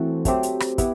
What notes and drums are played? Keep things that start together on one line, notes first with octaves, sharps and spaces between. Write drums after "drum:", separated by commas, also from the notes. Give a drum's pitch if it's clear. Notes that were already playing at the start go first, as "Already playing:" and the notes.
Already playing: E3 A3 C4 F#4 A4
F#3 A3 C4 G4, drum: kick, hi-hat
drum: hi-hat
drum: rim click
B3 E4 G4, drum: kick, hi-hat